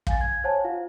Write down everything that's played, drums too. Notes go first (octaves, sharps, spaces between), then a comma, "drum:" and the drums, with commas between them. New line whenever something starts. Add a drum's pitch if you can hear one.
F5 G#5 A6, drum: kick
G#6
C5 C#5 F#5 G#5 A5
F4 F5